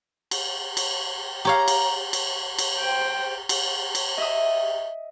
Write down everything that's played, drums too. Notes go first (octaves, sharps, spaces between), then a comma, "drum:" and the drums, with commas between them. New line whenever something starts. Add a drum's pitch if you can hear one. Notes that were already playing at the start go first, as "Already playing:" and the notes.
drum: cymbal
drum: cymbal
G4 C#5 F5 A#5
drum: cymbal
drum: cymbal
drum: cymbal
C5 G5
drum: cymbal
drum: cymbal
D#5 E5 D#6